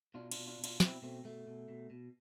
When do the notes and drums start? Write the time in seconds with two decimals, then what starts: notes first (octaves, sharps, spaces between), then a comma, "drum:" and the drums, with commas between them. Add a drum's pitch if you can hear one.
0.14 B2 D4 F4
0.31 D4 F4, drum: cymbal
0.37 B2
0.47 D4 F4
0.58 B2
0.64 D4 F4, drum: cymbal
0.80 B2 C4 E4, drum: snare
1.02 B2 A3 C4
1.24 B2 A3
1.47 B2
1.68 B2
1.90 B2